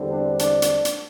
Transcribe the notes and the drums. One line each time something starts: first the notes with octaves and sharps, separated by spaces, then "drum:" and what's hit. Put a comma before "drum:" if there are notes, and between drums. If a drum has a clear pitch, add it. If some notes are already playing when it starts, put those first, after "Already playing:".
Already playing: E2 D3 G3 C4
D4
D4, drum: hi-hat
drum: hi-hat
drum: hi-hat